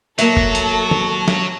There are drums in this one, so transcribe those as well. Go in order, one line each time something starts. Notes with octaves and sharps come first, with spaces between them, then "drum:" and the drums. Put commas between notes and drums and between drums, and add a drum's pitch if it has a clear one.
F#3 A#3 A4 E5, drum: hi-hat
drum: kick F#1
drum: hi-hat
drum: tom
drum: snare